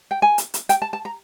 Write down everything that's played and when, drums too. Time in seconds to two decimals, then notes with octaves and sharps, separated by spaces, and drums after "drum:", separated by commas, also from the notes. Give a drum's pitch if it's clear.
0.11 G5
0.22 G#5
0.38 drum: hi-hat
0.54 drum: hi-hat
0.69 G5, drum: hi-hat
0.82 A5
0.93 A5
1.05 A#5